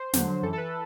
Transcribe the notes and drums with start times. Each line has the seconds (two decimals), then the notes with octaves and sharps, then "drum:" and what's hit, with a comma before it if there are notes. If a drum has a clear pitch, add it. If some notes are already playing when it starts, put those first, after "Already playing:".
Already playing: C5
0.13 E2 D3 F#3, drum: snare
0.42 F#2 E3 A4
0.53 A4
0.57 B4